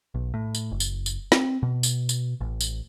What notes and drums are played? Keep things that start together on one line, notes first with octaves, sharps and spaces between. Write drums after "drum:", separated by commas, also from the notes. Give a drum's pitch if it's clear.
B1
A2
drum: tambourine
F#1
drum: tambourine
drum: tambourine
C4, drum: snare
B2
drum: tambourine
drum: tambourine
A1
drum: tambourine